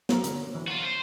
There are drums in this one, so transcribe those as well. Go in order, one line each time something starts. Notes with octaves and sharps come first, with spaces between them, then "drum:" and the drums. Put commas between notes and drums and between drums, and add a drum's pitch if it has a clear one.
F#3 A#4 C5, drum: snare
D3, drum: hi-hat
E3
F4 F#4
C5